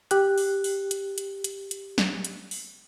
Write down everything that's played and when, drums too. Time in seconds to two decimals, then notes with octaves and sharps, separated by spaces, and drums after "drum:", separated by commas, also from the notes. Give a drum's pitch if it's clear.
0.11 G4 F#6, drum: hi-hat
0.38 drum: open hi-hat
0.64 drum: open hi-hat
0.91 drum: hi-hat
1.18 drum: hi-hat
1.44 drum: hi-hat
1.71 drum: hi-hat
1.98 drum: snare
2.25 drum: hi-hat
2.51 drum: open hi-hat